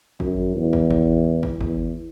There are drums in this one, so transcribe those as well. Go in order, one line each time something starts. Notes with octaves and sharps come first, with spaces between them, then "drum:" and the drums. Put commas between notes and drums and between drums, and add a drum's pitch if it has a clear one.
F#2, drum: kick
E2
drum: kick
drum: kick
drum: kick
E2, drum: kick